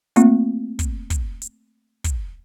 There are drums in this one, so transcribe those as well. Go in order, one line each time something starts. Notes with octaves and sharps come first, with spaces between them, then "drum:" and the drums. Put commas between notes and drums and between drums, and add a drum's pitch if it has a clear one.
A3 A#3 C4 F4, drum: hi-hat
drum: kick, hi-hat
drum: kick, hi-hat
drum: hi-hat
drum: kick, hi-hat